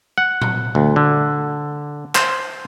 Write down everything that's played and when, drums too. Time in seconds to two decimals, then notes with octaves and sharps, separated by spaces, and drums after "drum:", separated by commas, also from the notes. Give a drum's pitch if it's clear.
0.18 F#5
0.42 drum: tom A#2
0.75 D2
0.96 D3
2.15 C5, drum: clap